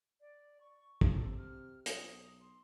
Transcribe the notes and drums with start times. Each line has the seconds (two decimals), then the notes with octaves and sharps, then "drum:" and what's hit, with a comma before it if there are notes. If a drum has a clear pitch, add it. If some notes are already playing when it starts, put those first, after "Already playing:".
0.21 D5
0.61 C#6
1.01 C3 A4, drum: kick
1.38 F6
1.86 B1 D#6, drum: hi-hat
2.40 C6